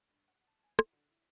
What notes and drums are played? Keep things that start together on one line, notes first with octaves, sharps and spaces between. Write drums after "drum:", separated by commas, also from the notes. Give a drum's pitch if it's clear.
G2
F#5
A5
G#5
E4, drum: rim click
D3
E4